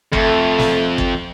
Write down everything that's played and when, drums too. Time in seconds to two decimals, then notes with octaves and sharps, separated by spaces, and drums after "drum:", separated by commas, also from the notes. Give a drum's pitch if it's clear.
0.13 F2 A3, drum: kick
0.58 drum: snare
0.98 drum: kick